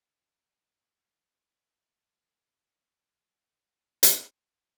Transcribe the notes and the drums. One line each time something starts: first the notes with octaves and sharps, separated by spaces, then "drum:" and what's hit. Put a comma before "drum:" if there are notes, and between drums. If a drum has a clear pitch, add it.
F2 B3
F4 A#4
A3 A#3 C#4 E4 A4
drum: hi-hat